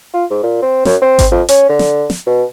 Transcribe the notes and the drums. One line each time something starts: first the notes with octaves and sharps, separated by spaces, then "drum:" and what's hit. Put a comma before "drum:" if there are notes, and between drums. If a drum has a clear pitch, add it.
F4
G#2
A#2
C4
F#2, drum: snare
C4
drum: kick G#1, hi-hat
F2
C#4, drum: hi-hat
D3
drum: snare
drum: snare
B2